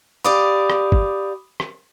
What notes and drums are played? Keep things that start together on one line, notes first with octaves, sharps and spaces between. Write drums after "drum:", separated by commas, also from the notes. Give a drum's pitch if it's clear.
G4 D5 F5 B5 D6 D#6
drum: rim click
drum: kick
drum: rim click